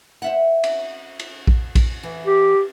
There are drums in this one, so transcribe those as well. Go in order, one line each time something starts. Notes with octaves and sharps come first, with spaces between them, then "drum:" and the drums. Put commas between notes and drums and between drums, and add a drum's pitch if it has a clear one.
C5 E5 F#5
drum: cymbal
drum: cymbal
drum: kick A#1
drum: kick A#1, cymbal
E3
G4